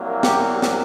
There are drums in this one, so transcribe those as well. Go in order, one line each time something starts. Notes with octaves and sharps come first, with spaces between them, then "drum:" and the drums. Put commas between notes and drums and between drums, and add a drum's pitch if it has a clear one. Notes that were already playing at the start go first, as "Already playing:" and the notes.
Already playing: C2 C3 F#3 A#3
G4, drum: snare
drum: snare